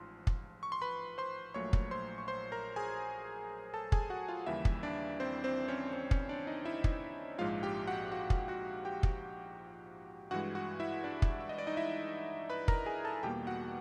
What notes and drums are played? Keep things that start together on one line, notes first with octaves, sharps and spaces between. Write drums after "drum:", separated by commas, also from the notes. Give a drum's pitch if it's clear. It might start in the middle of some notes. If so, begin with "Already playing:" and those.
Already playing: A1 G#2 F3 C6
drum: kick
C#6
C6
B4 B5
C5 C6
A#1 A#2 F#3 A3 C#5 C#6
drum: kick
C5 C6
C#6
C5 C6
A#4 A#5
G#4 G#5
A4 A5
G#4 G#5, drum: kick
F#4 F#5
F4 F5
D#2 C#3 E3 G3 A#3 E4 E5
drum: kick
D4 D5
C4 C5
C4 C5
C#4 C#5
C4 C5
C#4 C#5, drum: kick
D4 D5
D#4 D#5
E4 E5
drum: kick
A#1 G#2 F3 G#3 F4 F5
G4 G5
F#4 F#5
F#4 F#5
drum: kick
F#4 F#5
G4 G5
drum: kick
G2 E3 G#3 F#4 F#5
F#4 F#5
E4 E5
D4 D5
drum: kick
E5
D#5
D5
D#4 D#5
E4 E5
B4 B5
A#4 A#5, drum: kick
G#4 G#5
A4 A5
E2 B2 G3 A#3 G4 G5
F#4 F#5